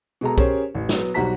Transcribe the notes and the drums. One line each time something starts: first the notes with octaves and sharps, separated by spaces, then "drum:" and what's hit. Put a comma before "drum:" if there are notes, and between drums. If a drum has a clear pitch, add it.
B2 G#3 A4 A#5
C#4 G4 G#4 A#4 C5 C#5, drum: kick B1
A1
F#3 B3, drum: snare
B1 G3 F#4 C5 A#5 B6